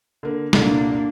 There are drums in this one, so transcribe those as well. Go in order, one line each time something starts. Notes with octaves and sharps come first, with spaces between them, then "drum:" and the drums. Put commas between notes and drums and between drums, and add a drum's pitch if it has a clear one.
D3 A#3
C2 A#2 D3 A#3 D4, drum: snare